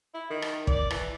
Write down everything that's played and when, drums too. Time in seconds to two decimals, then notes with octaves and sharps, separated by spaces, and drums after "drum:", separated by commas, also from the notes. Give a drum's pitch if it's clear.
0.14 E4
0.30 D#3
0.42 drum: rim click
0.67 D5, drum: kick
0.90 E3, drum: rim click